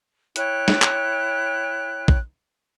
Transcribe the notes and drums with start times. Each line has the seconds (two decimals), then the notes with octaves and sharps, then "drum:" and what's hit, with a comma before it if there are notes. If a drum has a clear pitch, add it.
0.36 E4 C#5 G5 F#6, drum: hi-hat
0.68 drum: snare
0.82 drum: clap
2.08 drum: kick A1